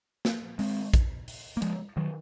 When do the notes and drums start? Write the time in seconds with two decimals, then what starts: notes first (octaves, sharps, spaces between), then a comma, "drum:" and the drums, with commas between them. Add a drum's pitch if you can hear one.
0.25 drum: snare
0.59 G#3 C4, drum: open hi-hat
0.94 drum: kick A#1, hi-hat
1.28 drum: open hi-hat
1.57 A#3
1.62 F3 G#3, drum: hi-hat
1.97 D#3 F#3